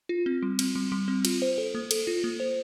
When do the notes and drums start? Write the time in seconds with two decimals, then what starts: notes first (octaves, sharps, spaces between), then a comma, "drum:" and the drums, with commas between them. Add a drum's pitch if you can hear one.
0.09 F4
0.26 C4
0.43 G3
0.59 C4, drum: cymbal
0.75 G3
0.92 G3
1.08 C4
1.25 F4, drum: cymbal
1.42 C5
1.58 A4
1.75 A#3
1.91 A4, drum: cymbal
2.07 F4
2.24 A#3
2.40 C5